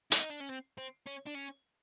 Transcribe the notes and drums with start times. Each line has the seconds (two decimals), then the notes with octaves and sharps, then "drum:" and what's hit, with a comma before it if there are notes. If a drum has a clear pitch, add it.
0.12 E4, drum: hi-hat
0.20 D#4
0.30 D4
0.41 C#4
0.49 C4
0.78 C4
1.06 C#4
1.26 D4
1.34 C#4